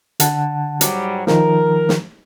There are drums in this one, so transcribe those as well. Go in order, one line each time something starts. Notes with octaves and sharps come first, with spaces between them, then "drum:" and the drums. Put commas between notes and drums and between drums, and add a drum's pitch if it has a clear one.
D3 F#5 A5, drum: hi-hat
G#2 F#3 G3, drum: hi-hat
D#3 F3 A#4, drum: snare
drum: snare